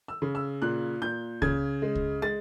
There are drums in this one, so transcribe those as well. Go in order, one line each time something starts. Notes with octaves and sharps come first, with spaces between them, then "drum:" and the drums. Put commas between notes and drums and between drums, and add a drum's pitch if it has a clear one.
E6
C#3
E6
A#2 F#6
A#2 G6
C#3 G#6, drum: kick C#2
G#3
drum: kick C#2
G#3 A6